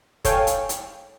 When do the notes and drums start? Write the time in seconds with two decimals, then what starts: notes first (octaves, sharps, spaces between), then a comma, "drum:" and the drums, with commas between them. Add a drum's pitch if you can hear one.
0.25 A4 C#5 F5 G5 G#5, drum: kick, hi-hat
0.47 drum: hi-hat
0.69 drum: hi-hat